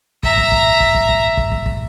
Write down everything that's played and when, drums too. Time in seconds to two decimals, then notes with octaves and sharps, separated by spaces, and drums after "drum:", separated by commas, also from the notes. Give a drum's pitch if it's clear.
0.23 E5 A#5, drum: kick
0.37 drum: kick
0.52 drum: kick
0.80 drum: kick
0.95 drum: kick
1.09 drum: kick
1.37 drum: kick
1.52 drum: kick
1.66 drum: kick